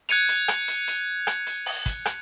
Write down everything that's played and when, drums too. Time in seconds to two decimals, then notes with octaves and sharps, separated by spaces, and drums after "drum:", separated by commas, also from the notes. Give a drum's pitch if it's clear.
0.09 F#6 G#6 C#7 D#7 F7, drum: hi-hat
0.29 drum: hi-hat
0.48 drum: rim click
0.68 drum: hi-hat
0.87 drum: hi-hat
1.27 drum: rim click
1.46 drum: hi-hat
1.66 drum: open hi-hat
1.86 drum: kick, hi-hat
2.05 drum: rim click